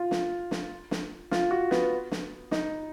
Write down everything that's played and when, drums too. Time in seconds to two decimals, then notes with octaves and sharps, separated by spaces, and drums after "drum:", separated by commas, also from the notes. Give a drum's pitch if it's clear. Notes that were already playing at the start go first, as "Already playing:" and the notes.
Already playing: F4
0.11 drum: snare
0.51 drum: snare
0.91 drum: snare
1.31 F4, drum: snare
1.51 F#4
1.71 B3, drum: snare
2.11 drum: snare
2.51 D#4, drum: snare